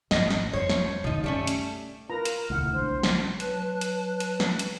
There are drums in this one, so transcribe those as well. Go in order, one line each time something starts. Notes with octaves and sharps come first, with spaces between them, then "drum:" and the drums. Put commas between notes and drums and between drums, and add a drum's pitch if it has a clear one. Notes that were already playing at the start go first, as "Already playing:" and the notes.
G#1 D#5, drum: snare
drum: snare
F2 A3 C5 C#5
drum: snare
B2 D#3 F3 D#4
F#2 G3 A3 C#4
drum: hi-hat
F4 A#4 B4 A#5
drum: hi-hat
D#1 C#2 A3 E4 F#5 F6
B1 D3 C5
drum: snare
F#3 B4 A5 F#6, drum: hi-hat
drum: hi-hat
drum: hi-hat
drum: snare
drum: hi-hat